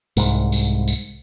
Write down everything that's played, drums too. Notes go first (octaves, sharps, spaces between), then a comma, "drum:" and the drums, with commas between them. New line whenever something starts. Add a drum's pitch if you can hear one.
C2 G#2, drum: tambourine
drum: tambourine
drum: tambourine